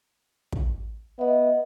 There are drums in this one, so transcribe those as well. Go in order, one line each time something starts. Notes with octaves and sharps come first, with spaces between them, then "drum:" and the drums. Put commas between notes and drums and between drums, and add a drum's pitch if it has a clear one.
drum: kick
B3 D#5 E5